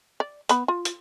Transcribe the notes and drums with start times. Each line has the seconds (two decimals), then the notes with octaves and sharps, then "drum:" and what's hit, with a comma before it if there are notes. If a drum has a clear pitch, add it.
0.20 D5
0.49 B3 B5, drum: hi-hat
0.68 F4
0.85 drum: hi-hat